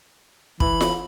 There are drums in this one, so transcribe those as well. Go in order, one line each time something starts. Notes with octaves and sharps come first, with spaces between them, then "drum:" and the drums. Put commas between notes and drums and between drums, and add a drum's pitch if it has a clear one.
E3 B5, drum: kick
drum: snare F4